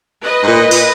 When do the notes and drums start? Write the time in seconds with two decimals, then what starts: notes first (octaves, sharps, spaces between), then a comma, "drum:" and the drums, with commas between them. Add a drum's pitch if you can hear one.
0.24 B4 D#5
0.43 G#2
0.47 A#2
0.71 A#2, drum: open hi-hat